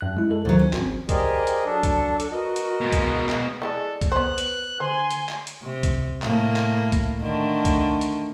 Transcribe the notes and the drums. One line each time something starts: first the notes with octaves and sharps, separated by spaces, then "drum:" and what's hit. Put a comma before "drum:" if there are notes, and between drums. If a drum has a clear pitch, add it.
F#2 F#6
G#3 E4
G#3 A4
D2 A#2 D#3 F#3 C5
C#4
G#1 C4, drum: clap
G4 G#4 A#4 C5 D5 D#5, drum: kick C2, hi-hat
drum: hi-hat
F#3 D4 A4
drum: kick C2, hi-hat
drum: hi-hat
F#4 A#4 B4 D#5
drum: hi-hat
B2 G#3
drum: kick C2, hi-hat
drum: clap
E3 G3 G#3 A4 D5
drum: kick C2, hi-hat
B3 B4 C5 F#6
drum: hi-hat
D3 C5 G#5 C6
drum: hi-hat
drum: clap
drum: hi-hat
C3
drum: kick C2, hi-hat
A2 A#3, drum: clap
drum: clap
drum: kick C2, hi-hat
D3 D#3 A3
drum: kick C2, hi-hat
drum: hi-hat